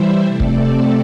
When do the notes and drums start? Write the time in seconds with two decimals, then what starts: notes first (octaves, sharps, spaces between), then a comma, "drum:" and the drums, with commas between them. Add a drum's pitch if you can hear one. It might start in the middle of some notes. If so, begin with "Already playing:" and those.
Already playing: E3 G3 E4 C5 E5
0.24 C3 A3 C4 A4 D5
0.40 drum: kick